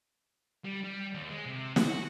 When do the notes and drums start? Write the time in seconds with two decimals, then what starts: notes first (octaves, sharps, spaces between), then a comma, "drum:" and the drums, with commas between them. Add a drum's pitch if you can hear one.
0.65 G3
0.84 G3
1.14 D#2
1.30 G#3
1.46 C3
1.76 F#4, drum: snare